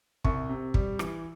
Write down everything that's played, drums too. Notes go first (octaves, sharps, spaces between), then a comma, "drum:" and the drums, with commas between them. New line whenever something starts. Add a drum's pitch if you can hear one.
C2 C#6, drum: kick
C3
G3, drum: kick
E3, drum: rim click